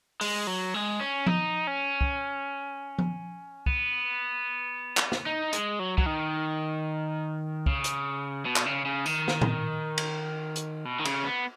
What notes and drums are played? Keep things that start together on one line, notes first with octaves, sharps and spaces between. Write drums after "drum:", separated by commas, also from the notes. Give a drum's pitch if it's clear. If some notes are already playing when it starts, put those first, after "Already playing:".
G#3, drum: open hi-hat
F#3
G#3
C#4
D#4, drum: tom F3
C#4
drum: kick
drum: tom F3
B3, drum: kick
drum: clap
drum: snare
D#4
G#3, drum: hi-hat
F#3
F#3, drum: kick
D#3
C#3, drum: kick
drum: hi-hat
B2
drum: clap
C#3
C#3
D#3, drum: tambourine
drum: snare
drum: tom A2
drum: cymbal
drum: hi-hat
B2
D#3
C#3, drum: cymbal
B3